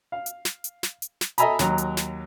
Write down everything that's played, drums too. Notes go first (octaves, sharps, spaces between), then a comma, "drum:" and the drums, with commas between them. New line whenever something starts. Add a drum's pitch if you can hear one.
F5
drum: hi-hat
drum: snare
drum: hi-hat
drum: snare
drum: hi-hat
drum: snare
A4 D#5 E5 G#5 A#5 B5, drum: hi-hat
D#2 F#3 A#5, drum: snare
drum: hi-hat
drum: snare